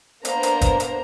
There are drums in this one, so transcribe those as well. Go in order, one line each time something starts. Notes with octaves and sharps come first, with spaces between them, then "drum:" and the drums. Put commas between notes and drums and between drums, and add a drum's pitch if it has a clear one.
A#3 B3 D4 C5 A#5, drum: hi-hat
drum: hi-hat
drum: kick, hi-hat
drum: hi-hat